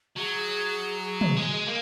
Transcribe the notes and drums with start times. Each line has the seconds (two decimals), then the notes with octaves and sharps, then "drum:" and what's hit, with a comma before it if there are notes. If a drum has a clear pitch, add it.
0.16 F#3 G#4
1.21 drum: tom
1.37 G#3
1.67 A#3